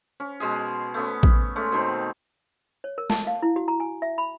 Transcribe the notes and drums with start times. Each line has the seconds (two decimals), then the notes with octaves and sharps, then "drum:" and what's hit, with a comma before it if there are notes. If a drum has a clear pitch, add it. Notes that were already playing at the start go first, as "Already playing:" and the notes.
0.20 C#4
0.40 B2 G#3 G#4
0.94 A3 B3 C#4
1.23 drum: kick A1
1.56 G#3 A3 C#4
1.72 B2 D#3 C4
2.84 C#5
2.98 A#4
3.10 A5, drum: snare
3.27 F5
3.42 E4
3.56 F#4
3.68 A#5
3.80 G#5
4.02 E5
4.18 B5